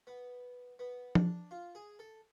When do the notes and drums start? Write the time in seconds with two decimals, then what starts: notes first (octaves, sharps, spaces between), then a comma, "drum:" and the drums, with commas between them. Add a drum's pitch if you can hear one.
0.07 B3
0.79 B3
1.15 D4, drum: tom F3
1.51 F4
1.75 G#4
1.99 A4